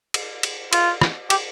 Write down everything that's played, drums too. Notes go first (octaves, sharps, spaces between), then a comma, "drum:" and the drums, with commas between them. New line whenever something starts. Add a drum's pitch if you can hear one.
drum: cymbal
drum: cymbal
F4, drum: cymbal
drum: rim click
G4, drum: cymbal